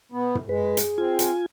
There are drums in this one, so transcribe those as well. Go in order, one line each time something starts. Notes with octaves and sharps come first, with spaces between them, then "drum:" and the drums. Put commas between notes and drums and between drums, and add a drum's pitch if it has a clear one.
B2 B3
drum: tom
G#3 G#4 B4
drum: hi-hat
C4 F4 G#5
drum: hi-hat